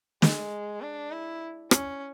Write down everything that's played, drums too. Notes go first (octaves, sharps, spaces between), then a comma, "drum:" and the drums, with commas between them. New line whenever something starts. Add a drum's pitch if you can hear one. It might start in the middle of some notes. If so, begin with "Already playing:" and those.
G#3, drum: snare
D4
E4
C#4, drum: rim click